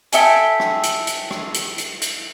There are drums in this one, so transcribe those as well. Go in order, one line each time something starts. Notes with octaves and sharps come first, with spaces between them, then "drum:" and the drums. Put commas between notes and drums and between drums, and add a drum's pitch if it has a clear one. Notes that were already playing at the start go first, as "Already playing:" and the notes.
A4 E5 G5 G#5, drum: hi-hat
drum: rim click
drum: hi-hat
drum: hi-hat
drum: rim click
drum: hi-hat
drum: hi-hat
drum: hi-hat